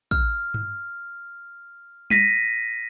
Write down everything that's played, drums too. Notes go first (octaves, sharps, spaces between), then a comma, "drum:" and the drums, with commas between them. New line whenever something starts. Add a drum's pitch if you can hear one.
F6, drum: kick
drum: tom G2
A#6 B6 D#7, drum: tom